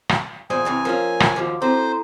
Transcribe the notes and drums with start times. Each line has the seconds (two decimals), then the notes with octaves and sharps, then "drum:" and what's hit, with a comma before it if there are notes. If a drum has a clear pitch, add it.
0.09 drum: rim click
0.50 E2 A#2 C5 G#5 D#6 G6
0.65 C2 C3 E3
0.85 F3 A#3 C#4 A#4
1.20 drum: rim click
1.36 D#2 F3 F#4 D6
1.62 C4 E4 A4 C5 A#5